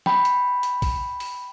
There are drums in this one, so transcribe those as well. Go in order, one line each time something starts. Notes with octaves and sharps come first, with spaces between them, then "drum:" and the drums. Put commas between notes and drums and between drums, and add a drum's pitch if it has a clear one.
G5 B5, drum: snare
drum: hi-hat
drum: hi-hat
drum: kick, open hi-hat
drum: open hi-hat